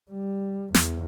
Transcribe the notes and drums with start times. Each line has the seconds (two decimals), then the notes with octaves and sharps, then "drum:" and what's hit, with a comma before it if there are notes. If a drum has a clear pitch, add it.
0.12 G3
0.74 E2, drum: snare